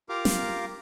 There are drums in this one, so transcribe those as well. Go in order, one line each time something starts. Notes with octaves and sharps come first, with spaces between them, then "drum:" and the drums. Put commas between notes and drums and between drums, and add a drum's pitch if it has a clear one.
F4 G4 A#4 F5 A#5 D6
drum: snare